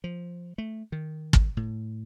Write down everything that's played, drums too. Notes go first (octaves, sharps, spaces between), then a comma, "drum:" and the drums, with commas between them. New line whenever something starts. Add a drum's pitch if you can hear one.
F3
A3
D#3
drum: kick
A2